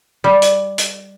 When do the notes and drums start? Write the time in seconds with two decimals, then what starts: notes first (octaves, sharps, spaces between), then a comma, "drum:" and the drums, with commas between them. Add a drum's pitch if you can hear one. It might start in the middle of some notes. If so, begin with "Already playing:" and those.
0.24 G3
0.42 drum: hi-hat
0.78 drum: hi-hat